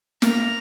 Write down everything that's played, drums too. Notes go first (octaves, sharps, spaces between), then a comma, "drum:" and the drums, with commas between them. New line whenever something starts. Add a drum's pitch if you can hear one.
A#3 A#5, drum: snare